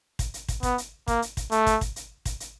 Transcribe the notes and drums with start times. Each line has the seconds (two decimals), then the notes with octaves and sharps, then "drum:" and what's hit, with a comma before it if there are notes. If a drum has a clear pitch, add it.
0.19 drum: kick, hi-hat
0.34 drum: hi-hat
0.49 drum: kick, hi-hat
0.63 B3, drum: kick, hi-hat
0.78 drum: hi-hat
1.08 A#3, drum: kick, hi-hat
1.22 drum: hi-hat
1.37 drum: kick, hi-hat
1.51 A3, drum: hi-hat
1.67 drum: kick, hi-hat
1.81 drum: kick, hi-hat
1.96 drum: hi-hat
2.26 drum: kick, hi-hat
2.40 drum: hi-hat